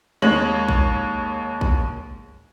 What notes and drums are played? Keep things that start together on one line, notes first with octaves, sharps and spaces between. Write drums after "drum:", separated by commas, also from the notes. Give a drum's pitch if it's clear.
D#2 G#3 C#5 F#7
drum: kick A1
drum: kick A1